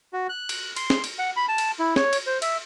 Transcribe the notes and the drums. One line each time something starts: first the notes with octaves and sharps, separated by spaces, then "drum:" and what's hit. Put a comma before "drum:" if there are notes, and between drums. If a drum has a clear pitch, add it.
F#4
F#6
drum: cymbal
C6, drum: cymbal
drum: snare
drum: cymbal
F#5
B5
A5
drum: cymbal
E4
C#5, drum: snare
drum: cymbal
C5
E5, drum: cymbal